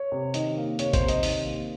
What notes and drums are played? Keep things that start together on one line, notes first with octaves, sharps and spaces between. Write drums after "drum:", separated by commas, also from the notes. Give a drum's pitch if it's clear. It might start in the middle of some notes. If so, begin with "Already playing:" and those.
Already playing: C#5
C3
D#3 D#5, drum: hi-hat
A#3
C3 C#5, drum: hi-hat
C5, drum: kick A1, hi-hat
C3
D#5, drum: hi-hat
D#3 D#5, drum: open hi-hat
A#3